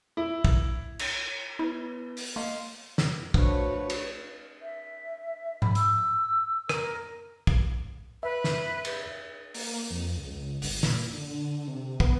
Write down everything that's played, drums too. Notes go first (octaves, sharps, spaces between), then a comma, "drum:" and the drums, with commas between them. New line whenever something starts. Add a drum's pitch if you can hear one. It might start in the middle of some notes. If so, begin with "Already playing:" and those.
E4
drum: kick
drum: cymbal
B3 E4 B4
drum: open hi-hat
A#3 D#5 F5 C6
drum: snare
F3 A3 D4 F#4 B4 C#5, drum: kick
drum: cymbal
E5
B5, drum: tom G#2
E6, drum: hi-hat
A#4, drum: rim click
drum: kick
B4 E5
drum: snare
drum: cymbal
A#3, drum: open hi-hat
F2
C#2
G1, drum: open hi-hat
A#2, drum: snare
D3
C3
B3, drum: kick